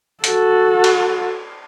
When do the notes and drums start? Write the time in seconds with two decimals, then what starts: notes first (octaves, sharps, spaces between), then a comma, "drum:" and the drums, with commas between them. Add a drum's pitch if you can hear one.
0.24 F#4 A4, drum: hi-hat
0.84 drum: cymbal